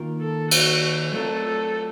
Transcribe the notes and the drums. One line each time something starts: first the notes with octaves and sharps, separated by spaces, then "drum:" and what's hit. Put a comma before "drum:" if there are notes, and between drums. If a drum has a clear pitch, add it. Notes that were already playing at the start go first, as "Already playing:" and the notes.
Already playing: D#3 A#3 F4 A#4
A4
F#4, drum: cymbal
F#3 A3 C4 F4 A4 A#4
A4